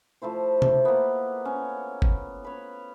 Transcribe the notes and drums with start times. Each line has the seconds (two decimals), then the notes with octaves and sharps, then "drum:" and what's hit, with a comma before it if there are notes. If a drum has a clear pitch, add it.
0.22 F3 A3 E4 C5
0.62 drum: tom C3
0.85 A#3 B3
1.45 C#4
2.02 drum: kick G1
2.44 B4 C#5